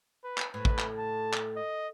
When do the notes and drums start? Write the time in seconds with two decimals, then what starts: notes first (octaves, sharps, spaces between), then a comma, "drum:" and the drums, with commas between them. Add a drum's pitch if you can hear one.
0.24 B4
0.38 drum: clap
0.54 A2 B4
0.65 drum: kick
0.79 drum: clap
0.98 A5
1.33 drum: clap
1.56 D#5